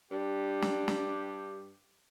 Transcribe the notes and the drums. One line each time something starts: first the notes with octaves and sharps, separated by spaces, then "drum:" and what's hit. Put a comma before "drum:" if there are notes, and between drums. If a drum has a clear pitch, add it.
G2 D4 G4
drum: snare
drum: snare